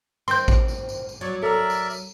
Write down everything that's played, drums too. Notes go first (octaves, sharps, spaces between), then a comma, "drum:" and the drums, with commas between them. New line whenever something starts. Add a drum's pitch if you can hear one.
D#3 C4 C6 G6, drum: tambourine
drum: kick A1, tambourine
drum: tambourine
drum: tambourine
drum: tambourine
F#3 C#5 D5
A4 A#4 D5 E5 A#5
drum: tambourine
drum: tambourine